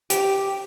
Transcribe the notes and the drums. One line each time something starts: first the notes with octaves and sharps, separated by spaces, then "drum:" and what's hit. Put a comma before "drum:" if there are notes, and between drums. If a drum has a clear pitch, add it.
G4, drum: hi-hat